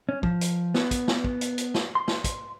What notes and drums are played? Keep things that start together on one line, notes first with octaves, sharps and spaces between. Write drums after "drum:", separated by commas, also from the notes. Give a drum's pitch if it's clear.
C#4
F3, drum: kick
drum: hi-hat
B3, drum: snare
drum: kick, hi-hat
drum: snare
drum: kick
drum: hi-hat
drum: hi-hat
drum: snare
C6
drum: snare
drum: kick, hi-hat